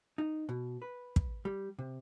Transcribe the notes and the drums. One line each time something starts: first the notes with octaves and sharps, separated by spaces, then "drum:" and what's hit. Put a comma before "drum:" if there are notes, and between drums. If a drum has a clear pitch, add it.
D#4
B2
B4
drum: kick
G3
C3